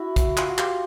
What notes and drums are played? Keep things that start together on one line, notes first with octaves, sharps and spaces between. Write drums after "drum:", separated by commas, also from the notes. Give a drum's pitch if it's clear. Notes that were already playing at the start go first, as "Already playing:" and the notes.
Already playing: E4 F#4
drum: kick, hi-hat
F4, drum: clap
F#4
F4 G4, drum: clap